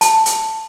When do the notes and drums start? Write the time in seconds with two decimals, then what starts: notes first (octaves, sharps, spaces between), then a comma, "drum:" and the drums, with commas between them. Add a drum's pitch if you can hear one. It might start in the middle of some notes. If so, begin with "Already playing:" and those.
0.01 A5, drum: hi-hat
0.26 drum: hi-hat